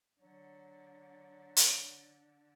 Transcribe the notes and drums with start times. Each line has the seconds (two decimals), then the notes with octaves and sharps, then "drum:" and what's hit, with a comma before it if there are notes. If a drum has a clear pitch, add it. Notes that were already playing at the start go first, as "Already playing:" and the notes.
0.21 D3 F#3
1.57 drum: hi-hat